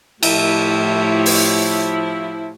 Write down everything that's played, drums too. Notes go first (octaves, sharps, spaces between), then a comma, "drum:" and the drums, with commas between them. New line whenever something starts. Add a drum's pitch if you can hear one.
A2 F3 E4 G4 C#5, drum: cymbal
drum: open hi-hat